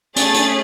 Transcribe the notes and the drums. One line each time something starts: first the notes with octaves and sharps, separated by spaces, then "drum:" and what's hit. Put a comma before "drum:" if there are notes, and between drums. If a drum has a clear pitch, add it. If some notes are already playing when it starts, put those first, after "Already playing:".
A3 C#4 G#4 A6, drum: hi-hat
drum: hi-hat